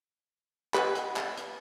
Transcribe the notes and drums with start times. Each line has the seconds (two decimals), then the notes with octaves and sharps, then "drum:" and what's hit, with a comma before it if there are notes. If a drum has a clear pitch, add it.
0.74 G4 B4 D#5 F#5 G#5, drum: clap
0.95 drum: hi-hat
1.16 drum: clap
1.37 drum: hi-hat